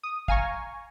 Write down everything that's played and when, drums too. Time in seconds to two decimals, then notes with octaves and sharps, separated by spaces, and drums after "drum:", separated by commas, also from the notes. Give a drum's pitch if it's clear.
0.03 D#6
0.28 F5 G#5 A#5 C#6, drum: kick